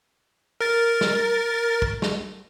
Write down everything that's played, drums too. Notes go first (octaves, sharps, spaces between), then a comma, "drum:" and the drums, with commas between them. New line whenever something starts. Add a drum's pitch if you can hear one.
A#4 A6
drum: snare
drum: kick
drum: snare